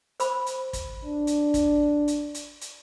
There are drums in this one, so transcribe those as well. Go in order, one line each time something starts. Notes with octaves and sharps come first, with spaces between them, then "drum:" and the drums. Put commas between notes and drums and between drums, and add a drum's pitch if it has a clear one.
C5 B5, drum: hi-hat
drum: hi-hat
drum: kick, hi-hat
D4
drum: hi-hat
drum: kick, hi-hat
drum: hi-hat
drum: hi-hat
drum: hi-hat